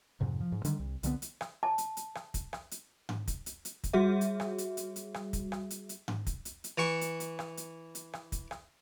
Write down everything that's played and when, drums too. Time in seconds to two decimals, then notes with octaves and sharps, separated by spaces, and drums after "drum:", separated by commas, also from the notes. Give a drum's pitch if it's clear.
0.21 F2 G#2 C3
0.41 F3
0.52 G#2
0.65 D3 D#3 G3, drum: hi-hat
0.79 C2
1.03 C2 D3 G#3 B3, drum: hi-hat
1.22 drum: hi-hat
1.41 drum: rim click
1.63 A5
1.78 drum: hi-hat
1.97 drum: hi-hat
2.15 drum: rim click
2.34 drum: kick, hi-hat
2.53 drum: rim click
2.71 drum: hi-hat
3.09 drum: tom G#2
3.28 drum: kick, hi-hat
3.46 drum: hi-hat
3.65 drum: hi-hat
3.84 drum: kick, hi-hat
3.93 G3 F#4 G#4 E5
4.21 drum: hi-hat
4.40 drum: rim click
4.58 drum: hi-hat
4.77 drum: hi-hat
4.96 drum: hi-hat
5.14 drum: rim click
5.33 drum: kick, hi-hat
5.52 drum: rim click
5.70 drum: hi-hat
5.89 drum: hi-hat
6.08 drum: tom G#2
6.27 drum: kick, hi-hat
6.45 drum: hi-hat
6.64 drum: hi-hat
6.78 E3 C#6
7.01 drum: hi-hat
7.20 drum: hi-hat
7.39 drum: rim click
7.57 drum: hi-hat
7.95 drum: hi-hat
8.13 drum: rim click
8.32 drum: kick, hi-hat
8.51 drum: rim click